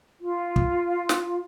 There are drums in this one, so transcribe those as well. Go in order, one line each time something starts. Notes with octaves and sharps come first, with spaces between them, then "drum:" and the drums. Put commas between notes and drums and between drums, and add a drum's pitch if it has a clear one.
F4
drum: kick
drum: snare